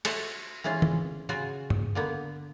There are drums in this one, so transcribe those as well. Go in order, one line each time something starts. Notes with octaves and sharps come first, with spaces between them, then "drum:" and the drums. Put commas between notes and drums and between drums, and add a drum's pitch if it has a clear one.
A4 C5 C#5 D#5 E5 F#5, drum: cymbal
E3 G#3 C#4 F4
drum: tom D#3
C#3 F4 F#4 G#5
drum: tom G2
D3 A#3 B3